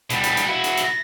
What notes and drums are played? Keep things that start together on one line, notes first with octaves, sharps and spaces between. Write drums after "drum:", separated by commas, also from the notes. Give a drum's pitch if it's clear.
B2 G3, drum: hi-hat
drum: hi-hat
drum: hi-hat
E4 F#4
drum: hi-hat
drum: hi-hat